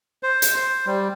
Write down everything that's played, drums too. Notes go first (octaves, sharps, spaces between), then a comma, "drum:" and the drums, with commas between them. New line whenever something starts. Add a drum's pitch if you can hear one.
C5
drum: hi-hat
C5
G3